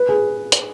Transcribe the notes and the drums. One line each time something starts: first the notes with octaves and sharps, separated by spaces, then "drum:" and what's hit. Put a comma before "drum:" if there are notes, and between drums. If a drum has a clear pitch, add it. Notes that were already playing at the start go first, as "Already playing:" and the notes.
Already playing: B4
G#4
drum: hi-hat